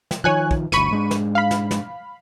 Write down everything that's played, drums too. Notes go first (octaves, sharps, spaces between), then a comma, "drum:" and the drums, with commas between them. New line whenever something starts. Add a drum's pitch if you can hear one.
drum: snare
D#3 F3 C#5 G#5 F#6
drum: kick
G1 D2 B5 C#6 D#7, drum: snare
G#2 G#3 D4
drum: snare
F5 B5
drum: snare
drum: snare